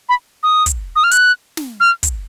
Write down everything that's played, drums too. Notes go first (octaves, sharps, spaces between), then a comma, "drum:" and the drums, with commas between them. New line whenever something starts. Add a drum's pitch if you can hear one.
B5
D#6
drum: kick, hi-hat
D#6
F6
F#6, drum: hi-hat
drum: snare
F6
drum: kick, hi-hat